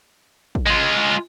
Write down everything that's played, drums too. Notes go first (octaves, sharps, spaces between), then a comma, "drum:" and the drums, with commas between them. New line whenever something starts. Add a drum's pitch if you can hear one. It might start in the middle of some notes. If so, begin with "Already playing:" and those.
drum: kick
G#3 F4